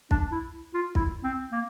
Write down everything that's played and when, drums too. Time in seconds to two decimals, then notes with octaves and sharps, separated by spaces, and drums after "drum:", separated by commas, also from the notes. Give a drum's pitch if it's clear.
0.11 D4, drum: kick
0.32 E4
0.74 F4
0.95 E4, drum: kick
1.24 C4
1.52 A#3